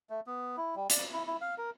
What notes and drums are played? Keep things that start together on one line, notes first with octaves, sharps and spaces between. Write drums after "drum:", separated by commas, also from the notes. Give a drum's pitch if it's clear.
A3
B3
E4
G3
D5, drum: hi-hat
E4
E4
F5
A#4